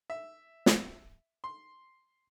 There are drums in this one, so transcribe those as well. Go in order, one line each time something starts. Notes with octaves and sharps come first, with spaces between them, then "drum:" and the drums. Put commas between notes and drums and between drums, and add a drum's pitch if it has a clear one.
E5
drum: snare
C6